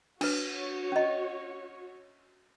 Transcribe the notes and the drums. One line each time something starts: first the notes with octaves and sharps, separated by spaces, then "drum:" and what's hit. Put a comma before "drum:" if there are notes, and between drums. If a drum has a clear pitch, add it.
D4 F#4 B4 C#5, drum: cymbal
C#4 D#5